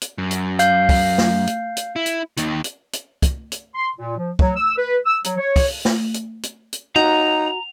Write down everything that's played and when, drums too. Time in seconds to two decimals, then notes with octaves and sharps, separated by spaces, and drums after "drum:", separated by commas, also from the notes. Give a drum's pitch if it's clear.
0.01 drum: hi-hat
0.18 F#2
0.31 drum: hi-hat
0.59 F5 G6, drum: hi-hat
0.89 drum: kick, open hi-hat
1.18 drum: snare
1.47 drum: hi-hat
1.77 drum: hi-hat
1.96 E4
2.06 drum: hi-hat
2.37 D#2 D#3, drum: hi-hat
2.64 drum: hi-hat
2.93 drum: hi-hat
3.22 drum: kick, hi-hat
3.52 drum: hi-hat
3.75 C6
3.96 A#2
4.17 F3
4.39 F#3, drum: kick
4.56 E6
4.77 B4
5.06 E6
5.24 F#3, drum: hi-hat
5.37 C#5
5.56 drum: kick, open hi-hat
5.85 drum: snare
6.14 drum: hi-hat
6.43 drum: hi-hat
6.73 drum: hi-hat
6.96 D#4 F#4 A#5 F7